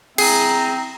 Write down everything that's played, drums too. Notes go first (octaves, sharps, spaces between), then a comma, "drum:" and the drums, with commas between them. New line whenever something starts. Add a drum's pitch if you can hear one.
C4 E4 G#4 A#5 C7, drum: cymbal